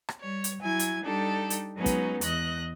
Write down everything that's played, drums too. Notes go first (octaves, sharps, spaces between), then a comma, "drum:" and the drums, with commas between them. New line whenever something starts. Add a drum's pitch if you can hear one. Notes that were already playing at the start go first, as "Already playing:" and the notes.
drum: rim click
G3 C#5
drum: hi-hat
F#3 E4 G#5 G#6
drum: hi-hat
G3 D4 D#4 G4 A4
drum: hi-hat
F#3 G#3 B3 C#4 D#4
drum: kick, hi-hat
E2 D#5 F#6 A#6, drum: hi-hat